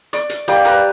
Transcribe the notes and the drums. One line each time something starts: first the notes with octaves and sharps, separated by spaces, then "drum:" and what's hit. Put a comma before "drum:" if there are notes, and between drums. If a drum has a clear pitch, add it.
D5, drum: hi-hat
drum: hi-hat
G3 A#3 G4, drum: hi-hat
A#4 B4, drum: hi-hat